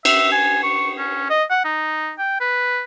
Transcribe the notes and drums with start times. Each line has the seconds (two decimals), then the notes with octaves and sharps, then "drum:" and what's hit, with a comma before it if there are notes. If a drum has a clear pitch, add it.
0.05 E5, drum: cymbal
0.32 G#5
0.64 C#6
0.98 C#4
1.30 D#5
1.51 F#5
1.65 D#4
2.18 G5
2.41 B4